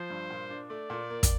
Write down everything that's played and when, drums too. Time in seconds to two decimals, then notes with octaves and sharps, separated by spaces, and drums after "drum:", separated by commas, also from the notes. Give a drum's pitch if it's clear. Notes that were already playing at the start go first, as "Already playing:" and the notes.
Already playing: F3 C5
0.10 G2
0.30 A#2
0.50 D4
0.70 A3 D5
0.90 A#2
1.10 A#3
1.23 drum: kick, hi-hat